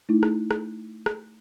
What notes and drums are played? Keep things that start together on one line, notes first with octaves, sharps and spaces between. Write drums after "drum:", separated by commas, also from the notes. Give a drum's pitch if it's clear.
A3 D#4 E4
drum: rim click
drum: rim click
drum: rim click